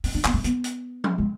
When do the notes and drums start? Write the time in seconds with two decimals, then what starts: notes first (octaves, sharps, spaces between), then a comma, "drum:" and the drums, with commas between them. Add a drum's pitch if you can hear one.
0.04 C#4, drum: open hi-hat
0.14 D4
0.25 B3, drum: clap
0.34 A3
0.44 B3, drum: hi-hat
0.64 drum: hi-hat
1.04 drum: tom F3
1.18 G#3